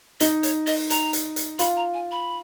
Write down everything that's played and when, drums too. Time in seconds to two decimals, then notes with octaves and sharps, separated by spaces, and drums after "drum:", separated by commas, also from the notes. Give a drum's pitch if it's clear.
0.20 D#4 D#5, drum: hi-hat
0.43 C#5, drum: hi-hat
0.67 D#5, drum: open hi-hat
0.90 A#5, drum: hi-hat
1.13 drum: hi-hat
1.36 drum: hi-hat
1.59 F4 B5, drum: hi-hat
1.77 A#5
1.94 G#5
2.11 B5